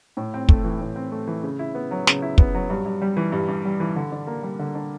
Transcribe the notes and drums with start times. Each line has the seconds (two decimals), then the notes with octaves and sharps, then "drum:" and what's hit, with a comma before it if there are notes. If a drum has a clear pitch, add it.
0.17 A2
0.34 C4
0.49 A3, drum: kick
0.64 E3
0.81 A2
0.96 C4
1.12 A3
1.27 E3
1.43 C#3
1.59 E4
1.75 B3
1.91 F#3
2.07 C#3, drum: snare
2.22 E4
2.38 B3, drum: kick
2.55 F#3
2.70 G2
2.86 G2
3.02 G3
3.17 E3
3.32 G2
3.48 G2
3.65 G3
3.80 E3
3.96 D3
4.12 D4
4.27 A#3
4.43 G3
4.59 D3
4.75 D4